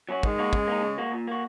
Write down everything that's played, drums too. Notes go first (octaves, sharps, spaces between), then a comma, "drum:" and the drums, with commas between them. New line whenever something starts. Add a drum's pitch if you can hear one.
F#3 C#4 F#4
D#3 G#3, drum: kick
A#3 D#4 F#4
C#3, drum: kick
A#3 D#4
C#3
A#3 F#4
A#2
A#3 F#4